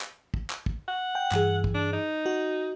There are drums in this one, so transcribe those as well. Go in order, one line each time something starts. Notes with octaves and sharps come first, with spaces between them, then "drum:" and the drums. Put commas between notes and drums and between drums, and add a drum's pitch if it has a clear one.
drum: clap
drum: kick
drum: clap
drum: kick
F#5
G5
G2 E3 G#4, drum: clap
drum: kick
D4
D#4
F#4